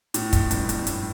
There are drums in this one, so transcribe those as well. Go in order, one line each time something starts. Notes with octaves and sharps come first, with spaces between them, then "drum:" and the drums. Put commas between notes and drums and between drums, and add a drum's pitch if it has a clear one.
A2, drum: hi-hat
F2, drum: kick, hi-hat
G2, drum: hi-hat
G2, drum: hi-hat
G2
A2, drum: hi-hat